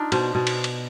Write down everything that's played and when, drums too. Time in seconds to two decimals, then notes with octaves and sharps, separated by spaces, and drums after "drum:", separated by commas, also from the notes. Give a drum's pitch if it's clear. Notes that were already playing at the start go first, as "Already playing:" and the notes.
Already playing: D4 D#4 F4
0.12 B2 C5, drum: cymbal
0.35 B2
0.47 drum: cymbal
0.64 drum: cymbal